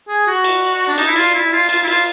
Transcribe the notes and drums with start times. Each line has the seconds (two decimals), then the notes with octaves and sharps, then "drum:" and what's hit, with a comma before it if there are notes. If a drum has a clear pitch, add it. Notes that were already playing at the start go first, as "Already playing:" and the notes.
0.08 G#4
0.27 F#4
0.44 drum: cymbal
0.88 D4
0.98 D#4, drum: cymbal
1.06 E4
1.16 F4, drum: cymbal
1.34 E4
1.52 F4
1.69 F4, drum: cymbal
1.83 E4
1.87 F4, drum: cymbal